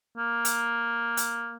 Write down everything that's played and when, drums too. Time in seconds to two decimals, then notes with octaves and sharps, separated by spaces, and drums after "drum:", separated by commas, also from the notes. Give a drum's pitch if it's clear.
0.17 A#3
0.45 drum: hi-hat
1.17 drum: hi-hat